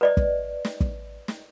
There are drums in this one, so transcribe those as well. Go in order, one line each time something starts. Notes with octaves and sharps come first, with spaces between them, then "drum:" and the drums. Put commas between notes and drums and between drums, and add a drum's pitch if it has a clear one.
B4 D5 D#5
drum: kick
drum: snare
drum: kick
drum: snare